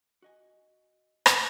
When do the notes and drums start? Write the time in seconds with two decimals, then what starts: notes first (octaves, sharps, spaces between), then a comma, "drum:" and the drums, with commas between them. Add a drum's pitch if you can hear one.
0.22 F#4 D#5 G#5
1.26 drum: rim click